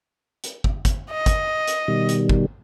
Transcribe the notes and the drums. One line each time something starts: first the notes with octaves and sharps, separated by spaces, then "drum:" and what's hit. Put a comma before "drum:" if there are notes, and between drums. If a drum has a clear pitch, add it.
drum: hi-hat
drum: kick
drum: kick, hi-hat
D#5
drum: kick, hi-hat
drum: hi-hat
B2 D#3 G3
drum: hi-hat
drum: kick